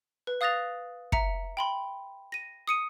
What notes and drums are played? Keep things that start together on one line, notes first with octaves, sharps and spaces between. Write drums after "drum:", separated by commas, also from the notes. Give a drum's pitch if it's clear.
B4
F5 D#6 F#6 A6 A#6 F7
E5 A#5 C#7, drum: kick
G5 B5 C6
A#6 D#7
D#6 C#7 D#7